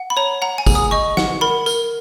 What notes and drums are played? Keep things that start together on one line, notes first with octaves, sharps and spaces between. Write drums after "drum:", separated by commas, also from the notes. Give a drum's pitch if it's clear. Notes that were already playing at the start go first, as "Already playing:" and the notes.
Already playing: F#5
B5
C#5 A#5
F#5 A#5
G#5
G#4, drum: kick, tambourine
D#6
D#5 C#6
F#5, drum: snare
A#4 B5
A#4, drum: tambourine